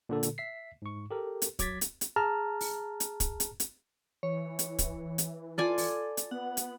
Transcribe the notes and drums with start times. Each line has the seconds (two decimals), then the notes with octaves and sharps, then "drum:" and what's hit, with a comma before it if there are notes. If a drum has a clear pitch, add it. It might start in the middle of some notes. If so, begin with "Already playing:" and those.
0.09 A#2 D3 A4
0.23 drum: hi-hat
0.38 E5 B6 C7
0.82 G#2 C#6
1.11 G4 A4 A#4
1.42 drum: hi-hat
1.59 F#3 D6 G#6 A6 B6, drum: kick, hi-hat
1.81 drum: hi-hat
2.01 drum: hi-hat
2.16 G#4 A5 A#5 F6
2.61 drum: open hi-hat
3.00 drum: hi-hat
3.20 drum: kick, hi-hat
3.40 drum: hi-hat
3.60 drum: hi-hat
4.23 E3 C#5
4.59 drum: hi-hat
4.79 drum: kick, hi-hat
5.18 drum: hi-hat
5.58 F4 A4 D5 G#5
5.78 drum: open hi-hat
6.17 drum: hi-hat
6.31 B3 F#5
6.57 drum: hi-hat